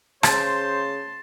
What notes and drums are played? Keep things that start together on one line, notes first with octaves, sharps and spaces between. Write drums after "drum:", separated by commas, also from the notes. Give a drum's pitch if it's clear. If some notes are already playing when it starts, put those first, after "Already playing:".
C#3 C5 A5 C6 A6, drum: rim click